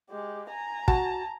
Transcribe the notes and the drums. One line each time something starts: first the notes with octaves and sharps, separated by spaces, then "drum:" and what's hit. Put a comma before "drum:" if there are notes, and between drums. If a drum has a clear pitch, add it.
G#3 G4
G#5 A#5
F#4 A5, drum: kick